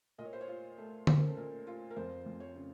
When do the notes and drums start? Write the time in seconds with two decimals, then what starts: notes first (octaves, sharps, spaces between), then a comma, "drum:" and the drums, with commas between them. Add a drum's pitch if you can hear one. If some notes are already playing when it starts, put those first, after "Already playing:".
0.18 A#2 D#5
0.25 C#5
0.33 C5
0.41 C#5
0.47 F4
0.78 A3
1.07 C#4 C5, drum: tom D3
1.17 A#4
1.27 A4
1.37 A#2 A#4
1.67 F4
1.90 A#4
1.96 F2 C5
2.26 F2
2.40 C#5
2.55 C#3